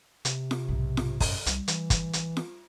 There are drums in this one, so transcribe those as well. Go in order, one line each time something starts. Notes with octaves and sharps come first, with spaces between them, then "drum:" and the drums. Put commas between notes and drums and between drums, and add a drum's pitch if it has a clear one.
C3, drum: hi-hat
drum: snare
B1 G#2
drum: snare
F#2, drum: kick, open hi-hat
C2 G3, drum: hi-hat
E3, drum: hi-hat
drum: kick, hi-hat
drum: hi-hat
drum: snare